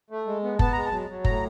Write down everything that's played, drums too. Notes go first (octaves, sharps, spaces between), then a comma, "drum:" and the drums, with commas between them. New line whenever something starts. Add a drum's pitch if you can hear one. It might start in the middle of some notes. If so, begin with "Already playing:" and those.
A3
G#3
B3
B3 A5, drum: kick F#1
G#3 A#5
A5
F#3
F#3
A2 A#5, drum: kick F#1